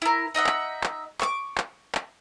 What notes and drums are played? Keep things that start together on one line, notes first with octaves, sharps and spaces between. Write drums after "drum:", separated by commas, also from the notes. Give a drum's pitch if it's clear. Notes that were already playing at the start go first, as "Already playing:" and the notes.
E4 A#4
D#4 D#5 E5 F#5
drum: clap
drum: clap
C#6 D6, drum: clap
drum: clap
drum: clap